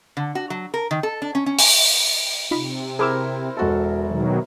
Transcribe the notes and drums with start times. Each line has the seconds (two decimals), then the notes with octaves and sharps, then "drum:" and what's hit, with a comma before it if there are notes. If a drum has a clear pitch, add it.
0.17 D3
0.35 F#4
0.50 F#3
0.74 A#4
0.91 D#3
1.03 A4
1.22 D4
1.35 C#4
1.46 C#4
1.59 G#5, drum: open hi-hat
2.51 C3 D#4 F4 B5
2.99 E4 G#4 A#4 C5 D6 E6
3.57 E1 F#4 A4
4.06 B2 D#3 F#3